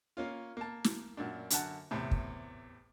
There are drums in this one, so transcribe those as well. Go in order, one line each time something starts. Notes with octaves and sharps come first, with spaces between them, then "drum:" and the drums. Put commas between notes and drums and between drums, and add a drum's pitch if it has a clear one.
A#3 C#4 F4
A#3 A5
drum: snare
F#2 A#2 D4
F#2 D3 F#5 A5, drum: hi-hat
E2 A2 C3
drum: kick